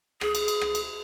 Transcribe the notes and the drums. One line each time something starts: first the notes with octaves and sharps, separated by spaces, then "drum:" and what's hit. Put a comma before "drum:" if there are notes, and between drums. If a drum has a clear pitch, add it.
G#4, drum: rim click
drum: cymbal
drum: cymbal
drum: rim click
drum: cymbal